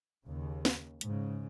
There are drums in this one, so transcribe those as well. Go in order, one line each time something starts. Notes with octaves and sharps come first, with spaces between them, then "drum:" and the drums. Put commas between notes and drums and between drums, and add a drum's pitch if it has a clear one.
D#2 C#3
drum: snare
G#2 C#3, drum: hi-hat